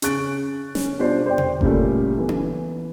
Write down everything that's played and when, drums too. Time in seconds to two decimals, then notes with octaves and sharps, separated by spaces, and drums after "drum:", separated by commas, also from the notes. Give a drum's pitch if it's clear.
0.02 C#3 G#4 C#6 F#6 A6 D7, drum: hi-hat
0.75 C#4, drum: snare
0.99 B2 G3 D4 F4 C5 C7
1.26 C5 D5 G5
1.38 drum: tom B2
1.61 A#2 C#3 G3 A3, drum: kick F#1
2.18 E3 B3
2.29 drum: tom C#4